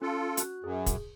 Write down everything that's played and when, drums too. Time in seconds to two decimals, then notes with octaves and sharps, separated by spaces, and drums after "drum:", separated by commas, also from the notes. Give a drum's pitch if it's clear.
0.02 C#4 F4 A4
0.37 F#4 F#6, drum: hi-hat
0.64 F#2 G#4
0.86 drum: kick, hi-hat